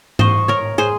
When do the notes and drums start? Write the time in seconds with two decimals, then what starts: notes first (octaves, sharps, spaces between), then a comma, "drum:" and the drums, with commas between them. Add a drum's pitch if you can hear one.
0.19 C5 D#5 C#6, drum: tom G#2
0.48 A#4 C#5
0.78 G#4 C5 C6